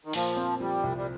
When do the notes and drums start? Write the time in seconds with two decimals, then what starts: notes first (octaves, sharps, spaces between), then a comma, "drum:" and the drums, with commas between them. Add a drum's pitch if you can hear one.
0.05 D#3
0.13 A#2 F3, drum: open hi-hat
0.37 C4
0.60 F3 G3
0.83 C2
0.97 G3